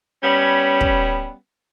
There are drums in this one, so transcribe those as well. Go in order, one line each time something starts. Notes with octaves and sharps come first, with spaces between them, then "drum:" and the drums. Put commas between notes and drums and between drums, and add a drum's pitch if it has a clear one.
G3 B3 C#4
drum: kick